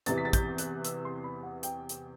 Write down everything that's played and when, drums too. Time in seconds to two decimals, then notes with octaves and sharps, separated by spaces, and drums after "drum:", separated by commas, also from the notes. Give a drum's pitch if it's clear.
0.06 E2 C3 E3 A6, drum: hi-hat
0.18 B6
0.25 A6
0.33 G6, drum: kick, hi-hat
0.58 F#6, drum: hi-hat
0.84 E6, drum: hi-hat
1.05 C6
1.24 B5
1.43 F#5
1.63 G5, drum: hi-hat
1.89 drum: hi-hat